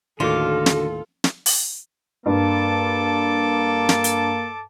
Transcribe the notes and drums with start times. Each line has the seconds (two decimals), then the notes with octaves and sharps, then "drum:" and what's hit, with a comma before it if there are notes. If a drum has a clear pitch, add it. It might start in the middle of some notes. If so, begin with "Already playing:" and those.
0.20 D#2 A2 D3 D#3 F4 F#4 A4 D6
0.66 drum: snare
1.24 drum: snare
1.46 drum: open hi-hat
2.26 G2 A#3 A4 A5 D6
3.89 drum: snare
4.04 drum: hi-hat